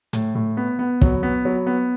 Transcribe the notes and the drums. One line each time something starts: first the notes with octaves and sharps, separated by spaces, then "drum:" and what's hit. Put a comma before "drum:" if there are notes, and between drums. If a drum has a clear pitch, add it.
A2, drum: hi-hat
A2
B3
B3
F#3, drum: kick
B3
F#3
B3